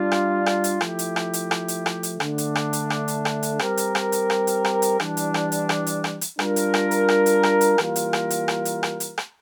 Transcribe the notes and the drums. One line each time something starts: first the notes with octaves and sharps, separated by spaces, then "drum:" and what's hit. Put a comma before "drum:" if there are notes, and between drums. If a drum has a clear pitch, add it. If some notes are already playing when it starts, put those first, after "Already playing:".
Already playing: G3 D4 F4
drum: rim click
drum: rim click
drum: hi-hat
F3 A3 E4 G4, drum: rim click
drum: hi-hat
drum: rim click
drum: hi-hat
drum: rim click
drum: hi-hat
drum: rim click
drum: hi-hat
D3 A3 D4, drum: rim click
drum: hi-hat
drum: rim click
drum: hi-hat
drum: rim click
drum: hi-hat
drum: rim click
drum: hi-hat
G3 C4 G4 A#4, drum: rim click
drum: hi-hat
drum: rim click
drum: hi-hat
drum: rim click
drum: hi-hat
drum: rim click
drum: hi-hat
E3 G3 D4, drum: rim click
drum: hi-hat
drum: rim click
drum: hi-hat
drum: rim click
drum: hi-hat
drum: rim click
drum: hi-hat
G3 D4 F4 A#4, drum: rim click
drum: hi-hat
drum: rim click
drum: hi-hat
drum: rim click
drum: hi-hat
drum: rim click
drum: hi-hat
E3 G3 A#3 F4 A#4, drum: rim click
drum: hi-hat
drum: rim click
drum: hi-hat
drum: rim click
drum: hi-hat
drum: rim click
drum: hi-hat
drum: rim click